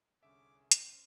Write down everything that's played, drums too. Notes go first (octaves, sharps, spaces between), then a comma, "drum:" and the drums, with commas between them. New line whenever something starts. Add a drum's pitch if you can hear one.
C2 D3 C#4 G#4 E5 D6
G1 C#4 C5 G5 F6 D7, drum: hi-hat